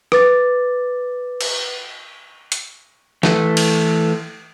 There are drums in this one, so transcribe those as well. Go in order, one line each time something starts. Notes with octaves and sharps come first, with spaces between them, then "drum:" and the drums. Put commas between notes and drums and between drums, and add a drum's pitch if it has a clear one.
B4 D6 A6, drum: rim click
drum: cymbal
drum: hi-hat
E3 A3, drum: snare
drum: cymbal